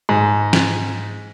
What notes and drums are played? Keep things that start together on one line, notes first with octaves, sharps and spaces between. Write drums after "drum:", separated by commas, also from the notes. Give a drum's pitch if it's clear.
G#2
drum: snare